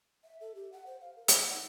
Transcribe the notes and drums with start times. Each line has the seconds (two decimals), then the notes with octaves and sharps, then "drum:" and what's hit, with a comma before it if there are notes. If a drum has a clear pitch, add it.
0.24 E5
0.41 A4
0.55 G4
0.72 F#5
0.86 C5
1.01 F5
1.16 A#4
1.28 C5, drum: hi-hat
1.40 F#5
1.54 D#4